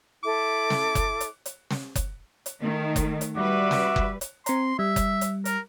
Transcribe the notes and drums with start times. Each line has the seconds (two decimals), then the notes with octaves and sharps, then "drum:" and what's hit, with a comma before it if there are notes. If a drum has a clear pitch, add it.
0.23 E4 A4 D6
0.70 drum: snare
0.95 drum: kick F#1, hi-hat
1.20 drum: hi-hat
1.46 drum: hi-hat
1.71 drum: snare
1.96 drum: kick F#1, hi-hat
2.46 drum: hi-hat
2.62 D#3 A3
2.96 drum: kick F#1, hi-hat
3.21 drum: hi-hat
3.37 G3 F#4 B4 E5 D6
3.71 drum: snare
3.96 drum: kick F#1
4.21 drum: hi-hat
4.46 C4 A#5 C6, drum: hi-hat
4.79 G3 E5
4.96 drum: kick F#1, hi-hat
5.21 drum: hi-hat
5.45 A#4, drum: hi-hat